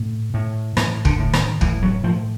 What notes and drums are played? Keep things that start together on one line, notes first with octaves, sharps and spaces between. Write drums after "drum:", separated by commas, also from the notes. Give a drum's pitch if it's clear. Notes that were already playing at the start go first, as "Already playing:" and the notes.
Already playing: A2
A2
A2 E3, drum: rim click
D3, drum: kick
A2
D#3, drum: rim click
A2 E3, drum: kick
F#3
A2 F3